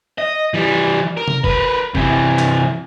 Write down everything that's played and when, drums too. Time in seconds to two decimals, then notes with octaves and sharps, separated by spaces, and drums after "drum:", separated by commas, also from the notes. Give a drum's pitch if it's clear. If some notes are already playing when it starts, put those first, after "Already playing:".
0.18 D#5
0.54 E3 G3
1.17 A#4
1.28 drum: tom C3
1.44 A#4 B4, drum: kick
1.95 C3 E3, drum: kick
2.39 drum: clap